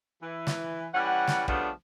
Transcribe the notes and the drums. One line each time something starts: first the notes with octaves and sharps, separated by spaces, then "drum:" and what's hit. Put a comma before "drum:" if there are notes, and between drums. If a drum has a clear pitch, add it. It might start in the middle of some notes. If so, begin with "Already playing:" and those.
E3
drum: snare
E3 G3 C#4 F#5
drum: snare
C#3 F3 G3 A3 B3 D4, drum: kick